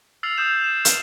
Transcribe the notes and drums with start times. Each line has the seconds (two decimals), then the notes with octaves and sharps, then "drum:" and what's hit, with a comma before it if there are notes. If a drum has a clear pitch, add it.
0.23 E6 F6 A6 C7 F7 F#7
0.38 D#6 E6 G6 E7
0.64 E7
0.85 F6, drum: hi-hat